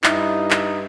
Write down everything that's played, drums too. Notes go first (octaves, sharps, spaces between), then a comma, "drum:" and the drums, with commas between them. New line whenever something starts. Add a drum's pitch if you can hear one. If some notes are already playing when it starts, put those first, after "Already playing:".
G2 D#4 E4, drum: clap
drum: clap